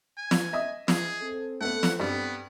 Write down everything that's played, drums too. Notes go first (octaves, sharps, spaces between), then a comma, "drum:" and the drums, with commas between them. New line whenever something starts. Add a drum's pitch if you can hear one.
G#5
drum: snare
D#5 E5 D#6
G#4, drum: snare
C4 A4
A3 B3 F#5
drum: snare
G2 B3